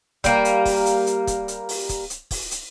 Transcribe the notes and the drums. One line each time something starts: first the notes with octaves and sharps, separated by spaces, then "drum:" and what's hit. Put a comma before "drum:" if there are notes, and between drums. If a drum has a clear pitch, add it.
G3 A#3, drum: kick, hi-hat
drum: hi-hat
drum: kick, open hi-hat
drum: hi-hat
drum: hi-hat
drum: kick, hi-hat
drum: hi-hat
drum: open hi-hat
drum: kick, hi-hat
drum: hi-hat
drum: kick, open hi-hat
drum: hi-hat